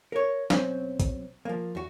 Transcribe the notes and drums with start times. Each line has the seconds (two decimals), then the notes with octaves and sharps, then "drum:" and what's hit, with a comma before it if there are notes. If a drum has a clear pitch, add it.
0.12 A#4 C#5
0.50 B1 F#3 C4 C#4 C5, drum: snare
1.00 drum: kick, hi-hat
1.45 F3 A#3
1.75 E2 F#4